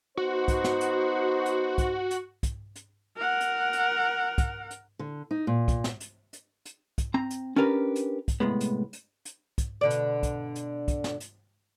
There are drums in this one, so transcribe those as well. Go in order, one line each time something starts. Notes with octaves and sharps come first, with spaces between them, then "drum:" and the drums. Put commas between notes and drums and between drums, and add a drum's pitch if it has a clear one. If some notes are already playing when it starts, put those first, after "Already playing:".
B3 D#4 F#4 C5
drum: kick, hi-hat
drum: snare
drum: hi-hat
drum: hi-hat
drum: kick, hi-hat
drum: hi-hat
drum: kick, hi-hat
drum: hi-hat
A#4 F#5
drum: hi-hat
drum: hi-hat
drum: kick, hi-hat
drum: hi-hat
D3
D#4
A#2
drum: kick, hi-hat
drum: snare
drum: hi-hat
drum: hi-hat
drum: hi-hat
drum: kick, hi-hat
C4 A#5
drum: hi-hat
C#4 D4 G4 A#4 B4
drum: hi-hat
drum: kick, hi-hat
C2 A2 G#3 B3
drum: hi-hat
drum: hi-hat
drum: hi-hat
drum: kick, hi-hat
B2 D3 D5
drum: hi-hat
drum: kick, hi-hat
drum: hi-hat
drum: kick, hi-hat
drum: snare
drum: hi-hat